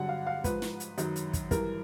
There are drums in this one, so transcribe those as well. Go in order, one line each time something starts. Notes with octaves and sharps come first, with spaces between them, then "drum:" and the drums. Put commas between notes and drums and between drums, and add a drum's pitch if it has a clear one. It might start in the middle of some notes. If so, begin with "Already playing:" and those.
Already playing: G2 D3 F#3 F#5
F5
F5
G#2 F3 B4, drum: kick, hi-hat
drum: snare
drum: hi-hat
F#2 D#3 F#3, drum: hi-hat
drum: hi-hat
drum: kick, hi-hat
G2 E3 A#4, drum: kick, hi-hat